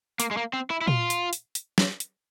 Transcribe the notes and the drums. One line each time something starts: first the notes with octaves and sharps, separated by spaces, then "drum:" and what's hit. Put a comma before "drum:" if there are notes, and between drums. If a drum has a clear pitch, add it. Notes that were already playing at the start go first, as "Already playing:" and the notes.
A#3, drum: hi-hat
G#3
A#3
C4
E4
E4
F4, drum: tom A#2
drum: hi-hat
drum: hi-hat
drum: hi-hat
drum: snare
drum: hi-hat